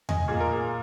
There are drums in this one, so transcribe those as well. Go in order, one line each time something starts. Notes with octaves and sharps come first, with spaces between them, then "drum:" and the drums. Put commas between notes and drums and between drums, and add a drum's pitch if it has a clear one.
D#5 G#5, drum: tom E2
A#2 A#3 G#4
A#4
G#4